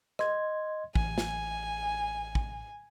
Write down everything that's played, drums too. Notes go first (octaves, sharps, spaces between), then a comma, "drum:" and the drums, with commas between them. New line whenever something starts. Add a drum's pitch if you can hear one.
D#5 C6 G#6, drum: rim click
A1 G#5, drum: kick
drum: snare
drum: kick